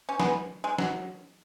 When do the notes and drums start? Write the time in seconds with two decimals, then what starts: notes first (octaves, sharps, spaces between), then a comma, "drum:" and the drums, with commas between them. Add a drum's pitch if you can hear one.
0.09 C#4
0.20 G#3 B3, drum: snare
0.64 G#3
0.78 F#3, drum: snare